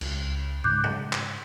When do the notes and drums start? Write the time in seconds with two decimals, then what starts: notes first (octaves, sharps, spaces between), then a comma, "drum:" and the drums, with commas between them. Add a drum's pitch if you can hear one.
0.01 C#2, drum: cymbal
0.64 G#2 C#3 G#3 D6 F#6 G6
0.84 drum: tom G#2
1.13 drum: clap